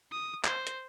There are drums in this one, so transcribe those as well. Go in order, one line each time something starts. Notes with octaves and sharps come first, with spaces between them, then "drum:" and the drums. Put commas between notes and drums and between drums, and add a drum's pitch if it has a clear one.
D#6
C5, drum: clap
drum: hi-hat